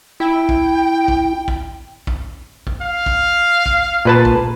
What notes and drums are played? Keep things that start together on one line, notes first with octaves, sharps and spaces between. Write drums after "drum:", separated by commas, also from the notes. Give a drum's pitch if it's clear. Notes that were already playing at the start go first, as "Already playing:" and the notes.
E4 G5
drum: kick
drum: kick
drum: kick
drum: kick
drum: kick
F5
drum: kick
drum: kick
A#2 B4 A5
drum: kick